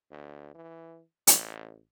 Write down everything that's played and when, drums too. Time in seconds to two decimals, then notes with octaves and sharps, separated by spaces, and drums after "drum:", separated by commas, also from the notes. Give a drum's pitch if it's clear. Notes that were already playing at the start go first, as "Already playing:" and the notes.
0.11 D2
0.55 E3
1.27 A1, drum: hi-hat